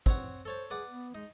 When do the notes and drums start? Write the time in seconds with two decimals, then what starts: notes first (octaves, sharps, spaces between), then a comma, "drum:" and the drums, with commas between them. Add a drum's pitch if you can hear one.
0.06 E3 C4 C#5 F#5, drum: kick
0.45 A4 C5 C#5 A5
0.71 G#4 B4 D5 F#5
0.89 B3
1.15 G#3 D#4